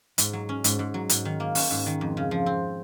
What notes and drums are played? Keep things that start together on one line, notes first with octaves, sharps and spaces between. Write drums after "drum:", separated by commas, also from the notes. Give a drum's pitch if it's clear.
G#2, drum: hi-hat
F#3
C#4
G#2, drum: hi-hat
G#2
F#3
G#2, drum: hi-hat
D#3
A#3
C#4, drum: open hi-hat
G#2
D#3
F2
C#3
F3
C4